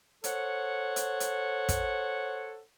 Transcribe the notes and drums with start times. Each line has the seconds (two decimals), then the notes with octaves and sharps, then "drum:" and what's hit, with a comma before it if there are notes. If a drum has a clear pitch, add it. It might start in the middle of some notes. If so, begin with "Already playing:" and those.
0.24 A4 C5 C#5 F#5, drum: hi-hat
0.96 drum: hi-hat
1.20 drum: hi-hat
1.69 drum: kick, hi-hat